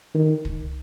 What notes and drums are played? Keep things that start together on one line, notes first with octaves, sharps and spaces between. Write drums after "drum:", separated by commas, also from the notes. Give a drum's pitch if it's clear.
D#3
drum: kick